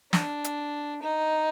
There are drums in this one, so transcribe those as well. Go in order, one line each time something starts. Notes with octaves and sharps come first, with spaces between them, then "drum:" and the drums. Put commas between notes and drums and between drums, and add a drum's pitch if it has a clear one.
D4, drum: snare
drum: hi-hat
D#4